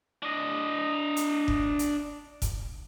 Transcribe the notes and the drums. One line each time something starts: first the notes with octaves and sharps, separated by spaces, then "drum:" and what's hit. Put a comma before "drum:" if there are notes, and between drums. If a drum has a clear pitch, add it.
D4 D#5
drum: hi-hat
drum: kick F1
drum: hi-hat
drum: kick F1, hi-hat